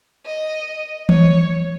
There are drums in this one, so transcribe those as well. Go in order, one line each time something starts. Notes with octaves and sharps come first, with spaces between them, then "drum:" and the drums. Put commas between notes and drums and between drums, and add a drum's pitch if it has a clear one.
D#5
C#5, drum: tom E3